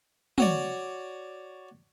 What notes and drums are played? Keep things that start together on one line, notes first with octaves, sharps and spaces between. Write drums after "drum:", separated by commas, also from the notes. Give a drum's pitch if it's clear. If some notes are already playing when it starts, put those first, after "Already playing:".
F#4 C#5 D5, drum: tom